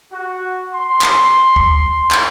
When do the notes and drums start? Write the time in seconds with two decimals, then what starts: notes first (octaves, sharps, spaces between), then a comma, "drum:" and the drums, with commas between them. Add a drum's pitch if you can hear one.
0.13 F#4
0.74 C6
1.01 drum: clap
1.56 drum: kick
2.11 drum: clap